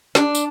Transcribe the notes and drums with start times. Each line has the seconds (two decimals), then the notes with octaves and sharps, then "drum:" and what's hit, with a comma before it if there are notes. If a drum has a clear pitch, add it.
0.15 D4, drum: snare
0.35 drum: tambourine